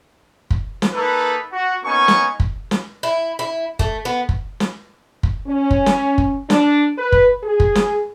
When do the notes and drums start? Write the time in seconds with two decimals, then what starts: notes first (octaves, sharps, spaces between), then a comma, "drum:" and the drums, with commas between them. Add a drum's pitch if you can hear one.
0.50 drum: kick
0.82 drum: snare
0.93 A#3 D#4 A4 B4
1.52 F#4
1.84 A#3 B3 C#4 D#4 G#5 C#6
2.08 drum: snare
2.40 drum: kick
2.71 drum: snare
3.03 E4
3.39 E4
3.79 A3, drum: kick
4.05 B3
4.29 drum: kick
4.60 drum: snare
5.23 drum: kick
5.48 C#4
5.71 drum: kick
5.86 drum: snare
6.18 drum: kick
6.50 D4, drum: snare
6.98 B4
7.12 drum: kick
7.44 G#4
7.60 drum: kick
7.75 drum: snare